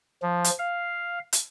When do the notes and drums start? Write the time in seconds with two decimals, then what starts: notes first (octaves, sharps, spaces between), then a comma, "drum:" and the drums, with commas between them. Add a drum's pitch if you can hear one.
0.22 F3
0.44 drum: hi-hat
0.59 F5
1.33 drum: hi-hat